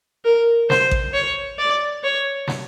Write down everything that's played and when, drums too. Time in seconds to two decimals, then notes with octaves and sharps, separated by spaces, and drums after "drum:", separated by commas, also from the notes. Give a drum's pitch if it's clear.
0.25 A#4
0.70 C5, drum: snare
0.91 drum: kick A1
1.13 C#5
1.59 D5
2.03 C#5
2.48 drum: snare